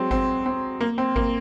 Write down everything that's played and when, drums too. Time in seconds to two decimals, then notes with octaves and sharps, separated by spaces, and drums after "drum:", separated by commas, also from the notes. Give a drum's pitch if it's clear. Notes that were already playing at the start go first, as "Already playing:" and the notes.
Already playing: F#3 G#3 C4
0.11 C4, drum: kick G#1
0.46 C4
0.81 A#3
0.98 C4
1.16 A#3, drum: kick G#1